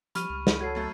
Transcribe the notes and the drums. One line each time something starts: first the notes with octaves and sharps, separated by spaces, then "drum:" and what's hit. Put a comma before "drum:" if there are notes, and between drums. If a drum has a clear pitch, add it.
F3 G3 B5 C#6 F6 D#7, drum: hi-hat
C#2
drum: snare
F#4 A4 C#5 G#6 C7
F#2 A3